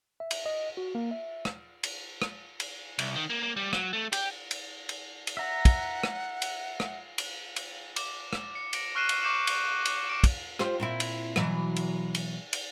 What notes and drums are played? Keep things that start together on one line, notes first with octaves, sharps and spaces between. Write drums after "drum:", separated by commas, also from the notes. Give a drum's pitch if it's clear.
E5
drum: cymbal
D#5
F#4
A#3
E5
drum: rim click
drum: cymbal
drum: rim click
drum: cymbal
C2, drum: cymbal
D#3
A#3
A#3
G3
F#3, drum: rim click
A3
G4, drum: cymbal
drum: cymbal
drum: cymbal
drum: cymbal
E5 F#5 A#5
drum: kick, cymbal
drum: rim click
drum: cymbal
drum: rim click
drum: cymbal
drum: cymbal
D6, drum: cymbal
drum: rim click
C#7
A#6 D7, drum: cymbal
C#6 F6 F#6 C7 D#7 E7
drum: cymbal
C#6 D6 G6 C#7 E7 F#7
drum: cymbal
drum: cymbal
D6 D7
drum: kick, cymbal
F4 G4 C5, drum: rim click
A#2 C4 E4
drum: cymbal
B2 E3 F#3, drum: rim click
drum: cymbal
drum: cymbal
drum: cymbal